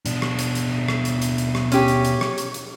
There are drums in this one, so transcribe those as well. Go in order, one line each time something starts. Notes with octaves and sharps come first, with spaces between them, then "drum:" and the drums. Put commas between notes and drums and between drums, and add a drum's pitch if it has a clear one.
B2 D4, drum: hi-hat
drum: rim click
drum: hi-hat
drum: hi-hat
drum: rim click
drum: hi-hat
drum: hi-hat
drum: hi-hat
drum: rim click
C#4 G4, drum: hi-hat
drum: hi-hat
drum: hi-hat
drum: rim click
drum: hi-hat
drum: hi-hat